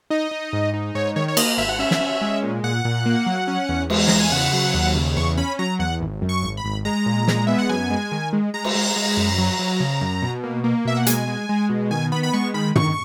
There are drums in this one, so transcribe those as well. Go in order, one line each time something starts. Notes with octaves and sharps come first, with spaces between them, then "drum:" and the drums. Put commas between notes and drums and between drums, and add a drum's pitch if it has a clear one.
D#4 D#5
D#4
G#2
D#4
G#2 C#5
D#3 C#5
C#5
A#3 D#5, drum: cymbal
G#1 E5
F#5
C#4 E5
drum: snare
C#4
G#3
A#2
A#2 F#5
A#2
A#3
F#3
C#4
E2
G#3, drum: cymbal
E2 A#5, drum: snare
G#5
C#3 F#5
F#3
D#2
C#3
E2 C#6
C#4 B5
F#3 A#5
E2 F#5
G#1
F#2
C#6
G#1
B5
G#1
G#3 A#5
A#2
G#3, drum: snare
B3 E5
F#5
F#2 G#5
G#3
D#3
G#3
G#3 A#5
drum: cymbal
G#3
G#3
F#2
F#3
F#3
C#3
F#2
B2
A#3
A#3
B2 E5
F#5
G#3 G#5, drum: hi-hat
G#3
G#3
B2
D#3 G#5
B3 B5
B5
G#3 C#6
D#3 B5
D#3 C#6, drum: tom